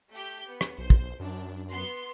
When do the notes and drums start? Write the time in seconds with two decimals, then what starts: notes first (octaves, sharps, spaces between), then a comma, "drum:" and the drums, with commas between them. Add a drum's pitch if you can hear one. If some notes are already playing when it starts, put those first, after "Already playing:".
0.11 A3 G4 G6
0.47 B3
0.61 drum: rim click
0.78 B1 C5
0.90 drum: kick
1.20 F#2 D4
1.71 B3 C6